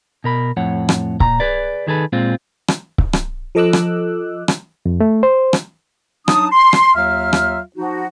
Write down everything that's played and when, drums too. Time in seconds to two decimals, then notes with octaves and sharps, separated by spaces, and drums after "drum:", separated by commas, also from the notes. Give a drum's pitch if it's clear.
0.24 B2 A#4 B5
0.57 F2 A2 C#5 F#5
0.89 drum: rim click
1.20 A#2 A#5, drum: kick C#1
1.40 G#4 B4 D5
1.87 D#3 G#4 A4 B4
2.13 A#2 G#3 C4 F4
2.68 drum: rim click
2.98 drum: kick C#1
3.13 drum: rim click
3.55 F3 A4 D#5 D6 E6 F#6
3.73 drum: rim click
4.48 drum: rim click
4.86 F2
5.00 A3
5.23 C5
5.53 drum: rim click
6.28 F#3 D4 D#4 A5 D#6, drum: rim click
6.52 C6
6.73 drum: rim click
6.96 D#2 F#3 F4 E5 F5 F6
7.33 drum: rim click
7.77 F3 D#4 F#4